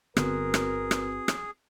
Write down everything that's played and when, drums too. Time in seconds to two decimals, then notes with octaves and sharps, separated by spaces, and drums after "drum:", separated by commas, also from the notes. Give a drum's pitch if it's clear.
0.17 G1 D3 B3 C4 F#4 G#4 A#4 B4, drum: rim click
0.54 drum: rim click
0.91 drum: rim click
1.28 drum: rim click